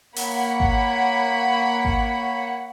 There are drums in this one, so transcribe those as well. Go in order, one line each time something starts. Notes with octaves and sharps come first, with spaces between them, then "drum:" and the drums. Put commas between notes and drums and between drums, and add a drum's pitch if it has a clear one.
A#3 C#5 F#5 B5, drum: open hi-hat
drum: kick G#1
drum: kick G#1